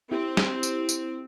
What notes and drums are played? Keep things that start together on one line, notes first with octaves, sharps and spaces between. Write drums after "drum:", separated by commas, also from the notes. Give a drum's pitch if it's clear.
C4 E4 G4
drum: snare
drum: tambourine
drum: tambourine